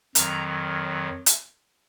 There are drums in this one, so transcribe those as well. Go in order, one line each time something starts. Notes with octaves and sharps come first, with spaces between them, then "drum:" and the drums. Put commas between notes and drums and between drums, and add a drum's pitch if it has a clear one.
F2 D#3 F#3 A#5, drum: hi-hat
drum: hi-hat